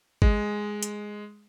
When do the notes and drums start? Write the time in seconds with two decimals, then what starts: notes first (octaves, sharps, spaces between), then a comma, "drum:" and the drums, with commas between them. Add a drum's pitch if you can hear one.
0.22 G#3, drum: kick
0.83 drum: hi-hat